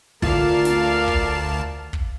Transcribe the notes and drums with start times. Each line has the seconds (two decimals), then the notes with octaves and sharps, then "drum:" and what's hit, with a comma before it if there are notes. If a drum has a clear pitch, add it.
0.22 D2 F4 A#4 D5 F5 A5, drum: kick
0.65 drum: snare
1.08 drum: kick
1.93 drum: kick